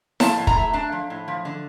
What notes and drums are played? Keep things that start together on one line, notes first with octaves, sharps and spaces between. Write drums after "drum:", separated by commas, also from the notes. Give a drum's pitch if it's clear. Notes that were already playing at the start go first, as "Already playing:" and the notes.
F3 A5, drum: snare E4
A2
A#5, drum: kick
A3
D4 A5
F3
A2
F3
D3